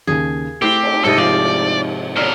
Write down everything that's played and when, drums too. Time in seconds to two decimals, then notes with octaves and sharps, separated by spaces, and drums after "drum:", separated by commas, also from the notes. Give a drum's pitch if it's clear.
0.07 D#2 C#3 G#4
0.62 A3 C4 E4 G4 C7
0.83 drum: cymbal
1.04 G#2 C3 A4 D#5
1.18 F3 D5
2.16 B2 A#4 C#5 D5 F6